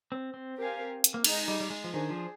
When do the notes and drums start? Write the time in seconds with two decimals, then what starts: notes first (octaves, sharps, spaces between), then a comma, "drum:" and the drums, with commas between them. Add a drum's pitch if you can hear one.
0.12 C4
0.34 C4
0.57 C4 G4 A#4 F5 G#5
1.04 drum: hi-hat
1.14 A#3
1.24 G#3 D#4 G#4 D#5, drum: cymbal
1.48 G3
1.60 G3
1.70 G#3
1.84 F3
1.93 D#3 D4 G#4 C5
2.10 F3